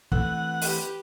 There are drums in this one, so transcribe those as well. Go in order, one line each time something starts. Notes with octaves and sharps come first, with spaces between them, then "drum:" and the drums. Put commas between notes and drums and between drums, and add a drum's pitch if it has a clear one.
E3 A3 C4 F#5, drum: kick
G4 B4, drum: open hi-hat